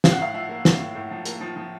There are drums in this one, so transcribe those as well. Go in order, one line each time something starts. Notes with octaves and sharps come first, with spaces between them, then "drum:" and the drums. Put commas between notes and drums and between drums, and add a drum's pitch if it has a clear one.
A2 F5, drum: snare
F#5
A2 F5
F3 E5
A#3
A#3, drum: snare
A2
A2
F3
A#3, drum: hi-hat
F3
F3